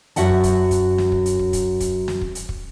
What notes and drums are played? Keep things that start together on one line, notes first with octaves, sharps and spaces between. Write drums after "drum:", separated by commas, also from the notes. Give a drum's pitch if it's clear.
F#2 F#4 E5 F#5 A5, drum: hi-hat
drum: kick
drum: kick, hi-hat
drum: kick, hi-hat
drum: snare
drum: kick
drum: hi-hat
drum: kick
drum: kick, hi-hat
drum: kick, hi-hat
drum: snare
drum: kick
drum: hi-hat
drum: kick